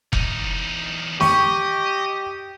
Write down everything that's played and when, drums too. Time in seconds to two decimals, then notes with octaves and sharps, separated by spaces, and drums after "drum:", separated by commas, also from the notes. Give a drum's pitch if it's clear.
0.13 E2 D#4, drum: kick F1
1.21 G4 D#5 C#6, drum: snare